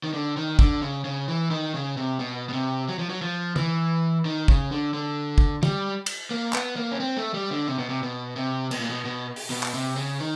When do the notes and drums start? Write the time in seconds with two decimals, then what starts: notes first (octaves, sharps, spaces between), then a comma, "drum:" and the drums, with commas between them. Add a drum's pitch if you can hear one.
0.04 D#3
0.13 D3
0.37 D#3
0.59 D3, drum: kick
0.82 C#3
1.05 C#3
1.28 E3
1.51 D#3
1.74 C#3
1.97 C3
2.20 B2
2.49 B2
2.53 C3
2.88 F#3
2.99 F3
3.09 F#3
3.22 F3
3.56 E3, drum: tom
4.25 D#3
4.48 C#3, drum: kick
4.71 D3
4.94 D3
5.38 drum: kick
5.63 G3, drum: tom
6.06 drum: cymbal
6.31 A#3
6.53 B3, drum: clap
6.76 A#3
6.91 C#4
7.00 C4
7.17 A3
7.34 G3
7.51 D3
7.68 C3
7.79 B2
7.89 C3
8.03 B2
8.36 C3
8.71 B2, drum: cymbal
8.80 A#2
8.90 B2
9.05 B2
9.36 drum: open hi-hat
9.50 B2
9.63 drum: clap
9.74 C3
9.96 C#3
10.20 D#3